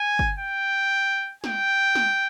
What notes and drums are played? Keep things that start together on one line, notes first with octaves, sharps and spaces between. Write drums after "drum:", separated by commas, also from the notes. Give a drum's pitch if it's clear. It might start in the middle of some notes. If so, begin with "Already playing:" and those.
Already playing: G#5
drum: kick G1
G5
G5, drum: snare
drum: snare